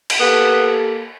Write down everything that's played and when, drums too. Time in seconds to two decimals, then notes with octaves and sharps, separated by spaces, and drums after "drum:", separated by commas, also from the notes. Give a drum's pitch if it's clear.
0.10 drum: cymbal
0.20 A#3 B3 G4 A4